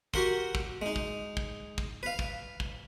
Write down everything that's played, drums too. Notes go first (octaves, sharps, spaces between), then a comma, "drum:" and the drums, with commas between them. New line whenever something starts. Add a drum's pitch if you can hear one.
F#4 G4 A#4 F#5 C6, drum: kick
drum: kick
G#3 D#4
drum: kick
drum: kick
drum: kick
B4 F5
drum: kick
drum: kick